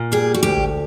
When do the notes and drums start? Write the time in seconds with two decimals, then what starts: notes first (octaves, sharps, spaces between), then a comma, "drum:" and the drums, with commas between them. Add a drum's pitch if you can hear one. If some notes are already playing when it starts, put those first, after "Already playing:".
Already playing: A#2
0.12 G3 G#4
0.34 F#4
0.43 D2 G4
0.57 drum: kick G#1